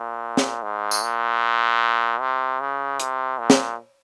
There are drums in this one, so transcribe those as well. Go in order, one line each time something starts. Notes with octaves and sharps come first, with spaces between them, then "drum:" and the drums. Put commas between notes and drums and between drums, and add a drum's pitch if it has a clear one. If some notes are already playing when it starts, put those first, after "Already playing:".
Already playing: A#2
drum: snare
G#2
drum: tambourine
A#2
C3
C#3
C3, drum: hi-hat
A#2
drum: snare